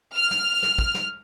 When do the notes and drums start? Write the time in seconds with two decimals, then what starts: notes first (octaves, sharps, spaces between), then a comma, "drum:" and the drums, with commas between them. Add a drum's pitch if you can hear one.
0.15 F6
0.31 drum: snare
0.63 drum: snare
0.78 drum: kick
0.94 drum: snare